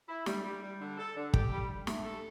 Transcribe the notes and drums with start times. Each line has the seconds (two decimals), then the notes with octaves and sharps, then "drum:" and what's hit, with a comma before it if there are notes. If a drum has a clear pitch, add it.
0.09 E4
0.26 G3, drum: snare
0.44 G3
0.62 G3
0.80 D3
0.98 A4
1.16 D3
1.34 G4, drum: kick
1.51 G3
1.69 G3
1.87 A3, drum: snare
2.04 A4